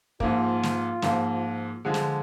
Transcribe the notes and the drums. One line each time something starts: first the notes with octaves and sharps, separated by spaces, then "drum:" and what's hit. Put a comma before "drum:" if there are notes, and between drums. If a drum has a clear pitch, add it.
G#2 F3 A#3 F4, drum: kick
drum: snare
G#2 F3 A#3, drum: snare
D3 F3 G#3
drum: snare